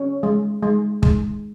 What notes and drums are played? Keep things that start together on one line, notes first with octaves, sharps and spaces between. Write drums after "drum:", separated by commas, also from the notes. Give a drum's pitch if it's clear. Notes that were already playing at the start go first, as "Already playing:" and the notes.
Already playing: C#4 C#5
G#3
G#3
G#3, drum: kick